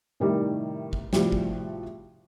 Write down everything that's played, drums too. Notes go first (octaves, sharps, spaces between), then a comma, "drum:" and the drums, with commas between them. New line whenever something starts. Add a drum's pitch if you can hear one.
A2 C3 D#3 G3
drum: kick G#1
A2 C3 F3 G3 F#4, drum: snare
drum: kick G#1